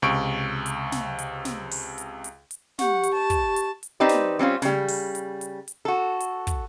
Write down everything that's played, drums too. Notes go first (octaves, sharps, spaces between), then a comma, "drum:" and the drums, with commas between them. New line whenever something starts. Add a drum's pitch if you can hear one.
C#2 C3 C#6 D7
drum: hi-hat
drum: snare
drum: hi-hat
drum: snare
drum: open hi-hat
drum: hi-hat
drum: hi-hat
drum: hi-hat
G4 F#5 C#6, drum: snare
drum: hi-hat
A5
drum: kick, hi-hat
drum: hi-hat
drum: hi-hat
C4 D#4 G4 B4 D5
drum: snare
G3 C4 C#4 F4
C#3 G3, drum: snare
drum: open hi-hat
drum: hi-hat
drum: hi-hat
drum: hi-hat
F#4 A4
drum: hi-hat
drum: kick, hi-hat